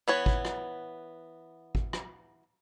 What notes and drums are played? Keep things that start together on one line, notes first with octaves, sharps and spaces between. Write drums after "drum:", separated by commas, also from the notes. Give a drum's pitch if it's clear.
E3 B3 C#5
drum: kick G#1
drum: rim click
drum: kick G#1
drum: rim click